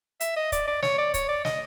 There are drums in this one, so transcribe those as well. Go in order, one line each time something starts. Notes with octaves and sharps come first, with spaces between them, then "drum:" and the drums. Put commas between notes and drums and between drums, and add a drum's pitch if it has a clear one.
E5, drum: hi-hat
D#5
D5, drum: kick, hi-hat
D5
C#5, drum: snare
D5
C#5, drum: kick, hi-hat
D5
D#5, drum: snare